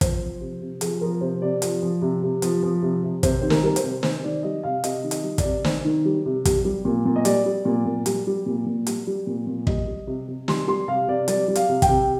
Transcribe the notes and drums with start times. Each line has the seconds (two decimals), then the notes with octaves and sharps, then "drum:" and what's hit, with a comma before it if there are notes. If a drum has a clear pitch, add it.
0.01 F3 C5, drum: kick, hi-hat
0.21 F3
0.40 C3
0.61 C3
0.81 F3 G#4, drum: hi-hat
1.01 F3 A#4
1.21 C3 C5
1.42 C3 D5
1.62 F3, drum: hi-hat
1.82 F3
2.02 C3
2.23 C3
2.42 F3, drum: hi-hat
2.63 F3
2.82 C3
3.03 C3
3.23 C3 C5, drum: kick, hi-hat
3.41 D#3 C5
3.50 A#4, drum: snare
3.63 G3 A#4
3.76 C5, drum: hi-hat
3.83 C3
4.03 C3 C5, drum: snare
4.24 D#3 D5
4.43 G3 D#5
4.63 C3 F5
4.84 C3 D#5, drum: hi-hat
5.04 D#3
5.11 D#5, drum: hi-hat
5.24 G3
5.38 D5, drum: kick, hi-hat
5.44 C3
5.64 C3 C5, drum: snare
5.84 D#3
6.05 G3
6.25 C3
6.45 G3, drum: kick, hi-hat
6.65 G3
6.85 A#2
7.05 A#2
7.16 D#5
7.25 G3 D5, drum: hi-hat
7.45 G3
7.65 A#2
7.85 A#2
8.06 G3, drum: hi-hat
8.27 G3
8.46 A#2
8.66 A#2
8.87 G3, drum: hi-hat
9.07 G3
9.27 A#2
9.47 A#2
9.67 G3 D#5, drum: kick
9.87 G3
10.07 C3
10.28 C3
10.48 G3 C6, drum: snare
10.67 G3 C6
10.88 C3 F5
11.08 C3 D5
11.28 G3 D5, drum: hi-hat
11.48 G3
11.55 F5, drum: hi-hat
11.69 C3
11.82 G5, drum: kick, hi-hat
11.88 C3